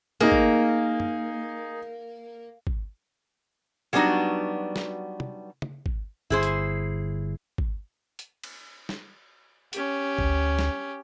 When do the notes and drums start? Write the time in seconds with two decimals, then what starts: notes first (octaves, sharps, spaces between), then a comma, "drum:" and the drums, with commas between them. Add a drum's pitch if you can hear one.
0.21 A#3 D#4 G#4
0.32 drum: kick
1.00 drum: tom
2.67 drum: kick
3.93 F#3 G3 B3 D4 D#4 F#4
4.76 drum: snare
5.20 drum: tom
5.62 drum: tom C#3
5.86 drum: kick
6.30 G1 E4 G#4 C5
6.43 drum: hi-hat
7.58 drum: kick
8.19 drum: hi-hat
8.43 drum: cymbal
8.89 drum: snare
9.73 C#4 G4, drum: hi-hat
10.19 D2, drum: kick
10.59 drum: snare